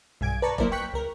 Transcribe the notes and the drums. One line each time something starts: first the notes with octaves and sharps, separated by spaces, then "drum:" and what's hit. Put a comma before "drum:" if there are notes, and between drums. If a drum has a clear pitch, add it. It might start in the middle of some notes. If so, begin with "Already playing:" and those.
B1 G2 G#5 G#6 D7
B4 D5 A5 A#5 C#6
F#3 A#3 E4 A#4 C5 D5, drum: kick F1
G5 C#6 F#6 B6 C#7
C#2 A#4